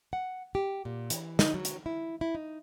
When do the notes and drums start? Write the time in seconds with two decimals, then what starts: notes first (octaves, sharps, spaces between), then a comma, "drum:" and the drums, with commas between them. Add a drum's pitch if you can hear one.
0.13 F#5
0.55 G4
0.85 A#2
1.10 E3, drum: hi-hat
1.39 D#4, drum: snare
1.54 F#3
1.65 drum: hi-hat
1.86 E4
2.21 E4
2.35 D#4